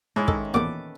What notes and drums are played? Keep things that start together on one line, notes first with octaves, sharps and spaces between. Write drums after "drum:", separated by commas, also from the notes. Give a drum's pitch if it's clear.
G#2 C#4 E4
D#3 A4, drum: kick
E2 A#2 A4 B4 D6